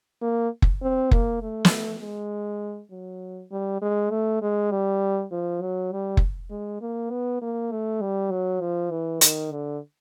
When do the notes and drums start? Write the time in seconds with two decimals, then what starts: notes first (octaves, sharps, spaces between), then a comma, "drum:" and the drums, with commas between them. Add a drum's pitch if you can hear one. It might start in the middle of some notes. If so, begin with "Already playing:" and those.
0.22 A#3
0.62 drum: kick
0.82 C4
1.11 A#3, drum: kick
1.42 A3
1.65 drum: snare
2.01 G#3
2.91 F#3
3.51 G3
3.81 G#3
4.11 A3
4.42 G#3
4.71 G3
5.31 F3
5.62 F#3
5.92 G3
6.17 drum: kick
6.50 G#3
6.81 A#3
7.10 B3
7.42 A#3
7.71 A3
8.01 G3
8.31 F#3
8.61 F3
8.91 E3
9.21 D#3, drum: hi-hat
9.51 D3